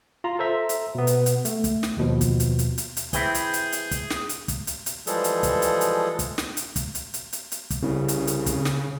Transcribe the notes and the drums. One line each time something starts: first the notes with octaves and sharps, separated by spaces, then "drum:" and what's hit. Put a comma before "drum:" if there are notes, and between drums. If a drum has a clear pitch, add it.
F4 A#5
A4 C5 E5 A#5
drum: hi-hat
B2 B3
drum: hi-hat
drum: hi-hat
A3, drum: hi-hat
drum: kick, hi-hat
drum: snare
D#2 B2 F3
drum: kick, hi-hat
drum: hi-hat
drum: hi-hat
drum: hi-hat
drum: hi-hat
E3 C4 E4 G#4 G6, drum: kick, hi-hat
drum: hi-hat
drum: hi-hat
drum: hi-hat
drum: kick, hi-hat
drum: snare
drum: hi-hat
drum: kick, hi-hat
drum: hi-hat
drum: hi-hat
E3 F3 G3 G#3 G#4 A4, drum: hi-hat
drum: hi-hat
drum: kick, hi-hat
drum: hi-hat
drum: hi-hat
drum: kick, hi-hat
drum: snare
drum: hi-hat
drum: kick, hi-hat
drum: hi-hat
drum: hi-hat
drum: hi-hat
drum: hi-hat
drum: kick, hi-hat
C2 C#3
drum: hi-hat
drum: hi-hat
drum: kick, hi-hat
drum: snare